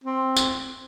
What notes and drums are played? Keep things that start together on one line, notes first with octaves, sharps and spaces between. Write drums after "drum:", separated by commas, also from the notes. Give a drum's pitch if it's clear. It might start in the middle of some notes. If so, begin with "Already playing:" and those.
C4
drum: tambourine